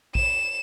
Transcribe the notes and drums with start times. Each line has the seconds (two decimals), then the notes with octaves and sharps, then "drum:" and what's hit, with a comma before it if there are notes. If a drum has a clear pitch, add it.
0.15 E7, drum: kick A1